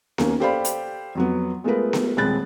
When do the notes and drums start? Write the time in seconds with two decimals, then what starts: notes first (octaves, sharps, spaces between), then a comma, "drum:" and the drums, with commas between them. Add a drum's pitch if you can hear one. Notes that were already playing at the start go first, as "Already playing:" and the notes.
0.18 D#2 A#3 C#4, drum: snare B3
0.40 G4 A4 C5 D5 F5 B5
0.65 drum: hi-hat
1.15 F2 F#3 B3
1.64 G#3 A3 B3 F4 A#4 B4
1.93 drum: snare B3
2.17 D#1 G#3 C4 B5 F#6 A6